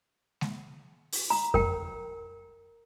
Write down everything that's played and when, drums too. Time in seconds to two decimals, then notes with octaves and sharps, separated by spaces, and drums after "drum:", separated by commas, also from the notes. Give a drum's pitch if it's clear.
0.41 drum: snare G#3
1.12 drum: open hi-hat
1.30 A#5
1.54 A#4 G5, drum: kick F2